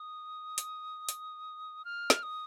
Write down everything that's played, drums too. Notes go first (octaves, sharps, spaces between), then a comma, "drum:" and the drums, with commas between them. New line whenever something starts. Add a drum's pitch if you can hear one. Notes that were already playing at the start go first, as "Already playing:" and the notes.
Already playing: D#6
drum: hi-hat
drum: hi-hat
F6
drum: snare
D#6